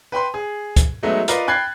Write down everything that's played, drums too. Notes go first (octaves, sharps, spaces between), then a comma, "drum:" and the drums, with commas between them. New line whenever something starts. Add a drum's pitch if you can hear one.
B4 G5 B5 C6
G#4
drum: kick, hi-hat
F#3 G#3 A3 B3 D#4 F#4
F4 A#4 B4 D5 D#5 F5, drum: hi-hat
G5 B5 F#6 G#6 A6 C7